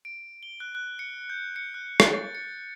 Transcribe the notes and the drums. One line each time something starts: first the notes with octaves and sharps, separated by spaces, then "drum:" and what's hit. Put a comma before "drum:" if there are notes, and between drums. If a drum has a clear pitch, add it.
D7
G7
F#6
F#6
C#7
G6
C#7
F#6
A6, drum: rim click
C#7